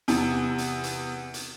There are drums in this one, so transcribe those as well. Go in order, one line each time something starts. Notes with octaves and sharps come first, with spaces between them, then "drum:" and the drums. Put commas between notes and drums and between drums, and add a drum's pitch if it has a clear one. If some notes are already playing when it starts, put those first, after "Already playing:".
E2 C3, drum: hi-hat
drum: hi-hat
drum: hi-hat
drum: hi-hat